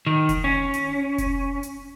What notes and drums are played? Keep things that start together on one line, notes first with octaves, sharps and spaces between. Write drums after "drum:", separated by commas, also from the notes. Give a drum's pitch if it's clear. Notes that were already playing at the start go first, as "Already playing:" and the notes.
D#3
drum: kick F1, hi-hat
C#4
drum: hi-hat
drum: kick F1, hi-hat
drum: hi-hat